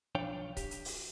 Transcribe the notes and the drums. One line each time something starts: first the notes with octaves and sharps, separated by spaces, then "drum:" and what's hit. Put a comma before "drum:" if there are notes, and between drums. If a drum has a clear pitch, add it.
B1 F3 D4 C#5 F5 G5
G4, drum: kick C#1, hi-hat
drum: hi-hat
drum: open hi-hat